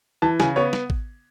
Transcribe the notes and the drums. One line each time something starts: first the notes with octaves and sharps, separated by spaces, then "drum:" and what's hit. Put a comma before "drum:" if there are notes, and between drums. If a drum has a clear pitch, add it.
E3 A5
C#3 G#5, drum: snare
B3 C#5
drum: snare
drum: kick A1